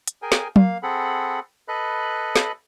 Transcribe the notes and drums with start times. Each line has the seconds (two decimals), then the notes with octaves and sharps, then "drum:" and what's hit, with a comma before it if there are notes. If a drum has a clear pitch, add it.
0.08 drum: hi-hat
0.22 G#4 A#4 G5 G#5
0.32 drum: snare
0.56 A#3 F5, drum: tom
0.83 C4 G#4 A4 F#5 B5
1.68 A4 B4 D#5 B5 F#6
2.36 drum: snare